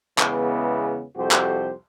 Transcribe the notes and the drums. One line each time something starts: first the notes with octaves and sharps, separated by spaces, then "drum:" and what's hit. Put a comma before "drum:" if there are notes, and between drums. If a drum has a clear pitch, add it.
E2 C#3 E3 G#3 B3, drum: clap
C2 F2 F#4 G4 A4 C5
drum: clap